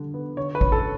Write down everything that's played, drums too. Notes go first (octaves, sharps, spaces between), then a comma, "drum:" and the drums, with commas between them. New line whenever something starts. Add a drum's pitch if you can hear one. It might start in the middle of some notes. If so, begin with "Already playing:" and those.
Already playing: D3 G3
B3
D3 C#5
B4
C#4, drum: kick
A4